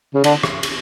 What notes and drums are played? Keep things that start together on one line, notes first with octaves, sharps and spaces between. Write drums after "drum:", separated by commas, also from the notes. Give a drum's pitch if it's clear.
C#3
D3, drum: cymbal
drum: rim click
drum: cymbal